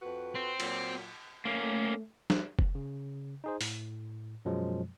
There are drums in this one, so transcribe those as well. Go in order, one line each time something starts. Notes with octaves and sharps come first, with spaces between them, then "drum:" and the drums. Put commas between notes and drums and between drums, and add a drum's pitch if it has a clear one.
F2 F#4 B4
C4
A#2 F#3, drum: cymbal
A3 A#3 C#4
drum: snare
drum: kick F1
C#3
D#4 G#4 C5
A2, drum: open hi-hat
F#2 B2 F3 F#3 G#3